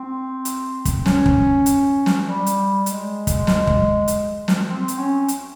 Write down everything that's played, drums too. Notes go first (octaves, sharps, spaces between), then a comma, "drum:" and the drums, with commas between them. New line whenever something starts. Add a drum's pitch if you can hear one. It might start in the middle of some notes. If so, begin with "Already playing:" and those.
Already playing: C4
drum: hi-hat
drum: kick, hi-hat
C#4, drum: snare
drum: kick
drum: hi-hat
drum: snare
G3
drum: hi-hat
G#3, drum: hi-hat
drum: kick, hi-hat
drum: snare
drum: kick
drum: hi-hat
drum: snare
C4
drum: hi-hat
C#4
drum: hi-hat